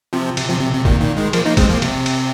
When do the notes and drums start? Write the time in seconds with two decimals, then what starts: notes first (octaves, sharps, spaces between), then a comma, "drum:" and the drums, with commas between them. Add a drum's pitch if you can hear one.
0.13 C3 F3
0.37 C3, drum: cymbal
0.49 C3 F3
0.60 C3
0.74 C3
0.85 A#2 D#3, drum: kick
1.01 A#2 D#3
1.17 D#3 G#3
1.33 F3 A#3, drum: cymbal
1.45 A#3 D#4
1.57 G#3 C4, drum: kick, cymbal
1.69 F3 A#3
1.82 C3, drum: cymbal
2.06 drum: cymbal